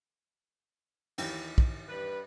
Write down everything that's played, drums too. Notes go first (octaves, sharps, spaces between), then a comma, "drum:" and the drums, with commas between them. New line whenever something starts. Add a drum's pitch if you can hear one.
D#2 E3 G5, drum: cymbal
drum: kick
G2 G3 B4